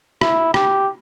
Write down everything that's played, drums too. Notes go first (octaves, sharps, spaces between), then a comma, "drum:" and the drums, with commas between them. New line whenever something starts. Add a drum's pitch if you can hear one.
E4, drum: rim click
G4, drum: rim click